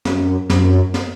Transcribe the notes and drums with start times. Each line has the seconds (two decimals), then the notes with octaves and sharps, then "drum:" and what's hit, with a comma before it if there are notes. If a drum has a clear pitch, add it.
0.05 F#2, drum: snare
0.50 F#2, drum: snare
0.94 drum: snare